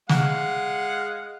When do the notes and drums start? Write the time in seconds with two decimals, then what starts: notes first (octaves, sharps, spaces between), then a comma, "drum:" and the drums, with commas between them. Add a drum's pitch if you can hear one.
0.09 G#3 F5 F#5, drum: snare